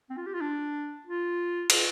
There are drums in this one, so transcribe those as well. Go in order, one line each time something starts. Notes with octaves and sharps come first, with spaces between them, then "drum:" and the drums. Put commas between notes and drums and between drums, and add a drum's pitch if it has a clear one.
C4
F4
G4
F4
D4
F4
F4, drum: cymbal